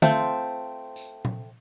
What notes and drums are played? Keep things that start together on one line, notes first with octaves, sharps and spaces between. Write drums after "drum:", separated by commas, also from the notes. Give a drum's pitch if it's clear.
A3 C4 F4 C5, drum: tom
drum: tambourine
drum: tom A#2